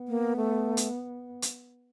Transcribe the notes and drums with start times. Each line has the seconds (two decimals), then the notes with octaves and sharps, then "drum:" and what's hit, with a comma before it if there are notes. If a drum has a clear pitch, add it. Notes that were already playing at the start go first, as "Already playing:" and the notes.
Already playing: B3
0.08 A#3
0.37 A3
0.77 drum: hi-hat
1.42 drum: hi-hat